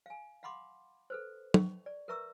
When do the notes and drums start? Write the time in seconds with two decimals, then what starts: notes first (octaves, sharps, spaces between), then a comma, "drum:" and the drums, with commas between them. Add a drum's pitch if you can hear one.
0.06 F5 G#5
0.43 F5 F#5 B5 C6 D6
1.10 A4 B4 C5
1.54 C#6, drum: tom
1.86 D5
2.08 A#4 B4 E5 A#5 C#6 E6